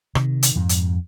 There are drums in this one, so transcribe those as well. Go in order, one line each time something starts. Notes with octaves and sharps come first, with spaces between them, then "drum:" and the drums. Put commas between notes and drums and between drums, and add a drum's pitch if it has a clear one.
C3 D#3, drum: rim click
drum: hi-hat
F2 G#2
drum: hi-hat